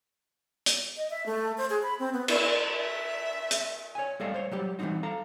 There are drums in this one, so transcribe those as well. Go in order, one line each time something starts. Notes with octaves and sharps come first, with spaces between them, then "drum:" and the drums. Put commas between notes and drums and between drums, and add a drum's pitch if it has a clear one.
drum: hi-hat
D#5
E5
A3
C5
G#4
B5
C4
B3
E4, drum: cymbal
E5
drum: hi-hat
C#5 G#5
G3 A3 A4 D5 D#5 F5
C5 C#5
F#3 G3 G4
E3 G3 A3 C4 D#4 F#4
A4 F5 A#5